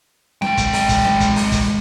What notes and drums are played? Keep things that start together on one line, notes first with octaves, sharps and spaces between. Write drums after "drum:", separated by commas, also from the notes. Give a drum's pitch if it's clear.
G#3 G5, drum: snare C4
drum: kick, hi-hat
drum: open hi-hat
drum: kick, hi-hat
drum: snare C4
drum: kick, hi-hat
drum: open hi-hat
drum: kick, hi-hat